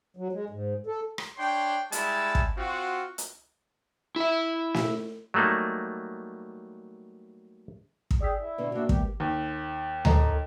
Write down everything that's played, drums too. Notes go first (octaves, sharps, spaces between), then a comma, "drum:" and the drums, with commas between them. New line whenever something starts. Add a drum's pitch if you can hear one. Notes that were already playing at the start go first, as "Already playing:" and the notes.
F#3
G#3
G#2
A4
drum: rim click
D4 C#5 G5 C6
G3 G#3 E4 A5, drum: hi-hat
drum: kick
C4 F4 F#4
drum: hi-hat
E4 E5
drum: snare
F#3 G3 A3 A#3 D#4
drum: kick
G4 G#4 D5 E6 B6
E4
B2 D3 B4 D5
C3 A#3 D4 E4 F#4
E3 G#3 B3 G4, drum: kick
D#2
A4 D#5 A#5, drum: tom D2